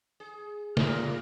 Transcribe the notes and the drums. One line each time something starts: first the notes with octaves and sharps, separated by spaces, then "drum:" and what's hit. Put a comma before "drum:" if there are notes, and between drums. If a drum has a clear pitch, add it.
G#4
A#2 G3 A3 A#4, drum: snare